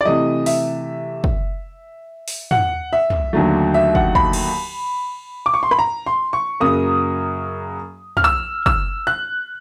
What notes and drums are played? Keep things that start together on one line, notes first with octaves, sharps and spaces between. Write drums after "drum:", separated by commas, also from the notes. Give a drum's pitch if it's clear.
D5
C3 E3 A3 D#5
E5, drum: open hi-hat
drum: kick
drum: open hi-hat
F#5, drum: tom
E5
drum: tom
D#2 D3 F#3 A3
E5
F#5, drum: kick
B5, drum: kick
drum: cymbal
D6
C#6
C6
B5, drum: rim click
A#5
C6
C#6
F#2 C#3 F#3 A#3 D#6
F6, drum: tom
E6
E6, drum: kick
F#6